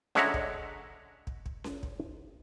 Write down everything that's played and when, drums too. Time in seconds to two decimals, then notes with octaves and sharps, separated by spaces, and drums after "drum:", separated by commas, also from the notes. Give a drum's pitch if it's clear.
0.15 D3 G#3 C#5 E5 F#5 A#5, drum: snare C#4
0.34 drum: kick
1.27 drum: kick
1.46 drum: kick
1.64 drum: snare C#4
1.83 drum: kick